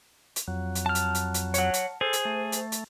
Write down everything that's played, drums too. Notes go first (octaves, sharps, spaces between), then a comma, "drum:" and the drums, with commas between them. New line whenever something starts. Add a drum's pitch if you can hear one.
drum: hi-hat
F2 F#3
drum: hi-hat
A5 F6
drum: hi-hat
drum: hi-hat
drum: hi-hat
C#5 F#5, drum: hi-hat
drum: hi-hat
G#4 A4 C5
drum: hi-hat
A3
drum: hi-hat
drum: hi-hat